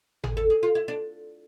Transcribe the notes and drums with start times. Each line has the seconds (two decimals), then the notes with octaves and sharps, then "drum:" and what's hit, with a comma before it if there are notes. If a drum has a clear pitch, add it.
0.24 G#4, drum: tom G#1
0.37 A4
0.50 G#4
0.63 F4
0.75 E4
0.88 D4